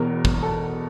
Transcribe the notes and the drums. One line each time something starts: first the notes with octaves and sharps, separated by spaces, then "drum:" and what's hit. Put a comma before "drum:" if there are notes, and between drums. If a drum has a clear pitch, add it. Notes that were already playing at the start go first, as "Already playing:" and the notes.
Already playing: E1 E2 B2 A#4
drum: kick
A4